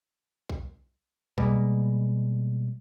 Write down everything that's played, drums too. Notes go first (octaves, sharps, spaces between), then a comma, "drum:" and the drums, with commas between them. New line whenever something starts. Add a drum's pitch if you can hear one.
drum: kick B1
B2 G3 G#3 A#3, drum: kick B1